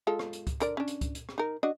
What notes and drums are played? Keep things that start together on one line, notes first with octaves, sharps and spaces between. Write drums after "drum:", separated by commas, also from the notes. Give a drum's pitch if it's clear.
G#3 F4 A4
drum: rim click
drum: hi-hat
drum: kick C#2, hi-hat
D3 A#4 D5, drum: hi-hat
C#4 D4
drum: hi-hat
drum: kick C#2, hi-hat
drum: hi-hat
drum: rim click
D#4 A#4
D4 F#4 D#5